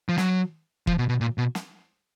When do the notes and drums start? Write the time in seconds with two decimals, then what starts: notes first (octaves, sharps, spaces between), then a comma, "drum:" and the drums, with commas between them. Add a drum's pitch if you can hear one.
0.09 F3
0.18 F#3, drum: snare
0.87 F3, drum: kick
0.98 B2
1.09 B2
1.21 A#2
1.38 B2
1.55 drum: snare